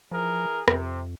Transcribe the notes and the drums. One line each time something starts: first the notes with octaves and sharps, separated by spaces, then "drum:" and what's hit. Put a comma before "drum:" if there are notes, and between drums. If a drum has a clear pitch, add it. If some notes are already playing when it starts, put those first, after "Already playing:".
E3 F3 G#4 A#4
F2 C3, drum: rim click